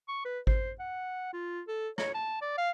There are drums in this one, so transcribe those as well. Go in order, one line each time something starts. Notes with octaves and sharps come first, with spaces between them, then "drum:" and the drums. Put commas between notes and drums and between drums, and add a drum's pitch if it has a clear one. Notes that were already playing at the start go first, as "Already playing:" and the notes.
C#6
B4
C5, drum: kick G#1
F#5
F4
A4
C#5, drum: rim click
A5
D5
F5